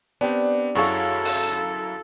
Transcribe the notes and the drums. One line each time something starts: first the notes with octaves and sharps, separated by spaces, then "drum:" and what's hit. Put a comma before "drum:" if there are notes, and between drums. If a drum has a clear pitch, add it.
B3 C4 D4 G4
F#2 E4 F#4 G#4 A4 C#5 F5
drum: open hi-hat